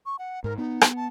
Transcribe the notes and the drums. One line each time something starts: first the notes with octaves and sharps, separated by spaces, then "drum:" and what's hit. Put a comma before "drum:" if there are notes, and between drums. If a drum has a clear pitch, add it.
C#6
F#5
G#2 A#4
B3 D#4
drum: rim click
A5